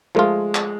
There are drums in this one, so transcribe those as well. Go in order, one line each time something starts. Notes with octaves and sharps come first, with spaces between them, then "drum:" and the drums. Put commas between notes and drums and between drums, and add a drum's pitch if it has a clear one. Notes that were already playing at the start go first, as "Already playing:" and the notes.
F3 G#3 A3 F4
drum: clap